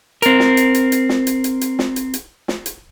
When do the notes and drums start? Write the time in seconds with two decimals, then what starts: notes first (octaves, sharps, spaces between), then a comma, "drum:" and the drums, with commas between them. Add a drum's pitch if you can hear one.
0.22 C4 A#4, drum: hi-hat
0.40 drum: snare
0.57 drum: hi-hat
0.74 drum: hi-hat
0.92 drum: hi-hat
1.09 drum: snare
1.27 drum: hi-hat
1.44 drum: hi-hat
1.61 drum: hi-hat
1.79 drum: snare
1.96 drum: hi-hat
2.14 drum: hi-hat
2.48 drum: snare
2.66 drum: hi-hat